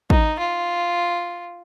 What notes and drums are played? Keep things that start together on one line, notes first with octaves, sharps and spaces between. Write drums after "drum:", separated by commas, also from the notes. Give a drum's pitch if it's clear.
D#4, drum: kick
F4